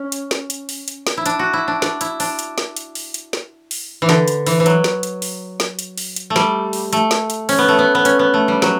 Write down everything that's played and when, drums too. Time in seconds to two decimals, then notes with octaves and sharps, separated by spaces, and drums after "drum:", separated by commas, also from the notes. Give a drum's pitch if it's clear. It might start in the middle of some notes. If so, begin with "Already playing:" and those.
Already playing: C#4
0.12 drum: hi-hat
0.31 drum: snare
0.50 drum: hi-hat
0.69 drum: open hi-hat
0.88 drum: hi-hat
1.07 drum: snare
1.17 E4
1.26 D4, drum: hi-hat
1.39 F#4
1.53 E4
1.68 D4
1.82 D4, drum: snare
2.01 E4, drum: hi-hat
2.20 D4, drum: open hi-hat
2.39 drum: hi-hat
2.58 drum: snare
2.77 drum: hi-hat
2.95 drum: open hi-hat
3.14 drum: hi-hat
3.33 drum: snare
3.71 drum: open hi-hat
4.02 E3
4.09 D3, drum: snare
4.28 drum: hi-hat
4.46 E3, drum: open hi-hat
4.60 E3
4.66 F#3, drum: hi-hat
4.84 drum: snare
5.03 drum: hi-hat
5.22 drum: open hi-hat
5.60 drum: snare
5.79 drum: hi-hat
5.98 drum: open hi-hat
6.16 drum: hi-hat
6.30 A3
6.36 G3, drum: snare
6.73 drum: open hi-hat
6.93 A3, drum: hi-hat
7.11 drum: snare
7.30 drum: hi-hat
7.49 C#4, drum: open hi-hat
7.59 B3
7.68 A3
7.79 B3
7.95 B3
8.05 C#4, drum: hi-hat
8.19 B3
8.34 A3
8.48 G3
8.62 F#3, drum: snare